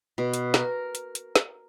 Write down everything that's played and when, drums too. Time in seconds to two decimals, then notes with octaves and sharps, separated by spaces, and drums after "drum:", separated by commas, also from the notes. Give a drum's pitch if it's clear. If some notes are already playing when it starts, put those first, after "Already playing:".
0.18 B2
0.34 drum: hi-hat
0.54 A#4, drum: snare
0.95 drum: hi-hat
1.15 drum: hi-hat
1.36 drum: snare